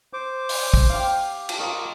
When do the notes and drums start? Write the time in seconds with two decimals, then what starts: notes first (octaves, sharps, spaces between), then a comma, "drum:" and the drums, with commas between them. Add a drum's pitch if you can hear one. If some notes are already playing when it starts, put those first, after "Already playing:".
0.13 C5 D6
0.49 drum: open hi-hat
0.74 drum: kick
0.90 G4 F5
1.49 drum: cymbal
1.60 F4 A#4 D#5 C#6